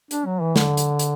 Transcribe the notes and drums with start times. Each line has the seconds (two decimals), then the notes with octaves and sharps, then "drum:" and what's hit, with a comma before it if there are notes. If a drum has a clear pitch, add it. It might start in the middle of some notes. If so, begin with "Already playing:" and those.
0.11 D4, drum: hi-hat
0.26 F#3
0.41 E3
0.56 D3, drum: snare
0.77 drum: hi-hat
0.99 drum: hi-hat